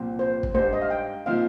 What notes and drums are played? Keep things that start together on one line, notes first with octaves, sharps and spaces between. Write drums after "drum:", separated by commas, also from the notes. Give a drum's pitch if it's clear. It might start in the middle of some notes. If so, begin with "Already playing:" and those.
Already playing: C2 A#2 F3 C4 G4
C5
drum: kick
G#2 G3 D4 G4 C5
D#5
F5
G5
A#2 F3 C4 D#4 F5